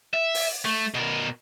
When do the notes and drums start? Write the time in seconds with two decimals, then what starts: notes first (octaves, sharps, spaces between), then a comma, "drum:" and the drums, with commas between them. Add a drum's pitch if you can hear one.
0.14 E5
0.35 drum: open hi-hat
0.65 A3
0.95 B2 A#4